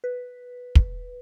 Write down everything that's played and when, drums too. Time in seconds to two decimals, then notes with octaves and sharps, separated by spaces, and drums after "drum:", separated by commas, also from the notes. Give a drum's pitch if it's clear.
0.04 B4
0.75 drum: kick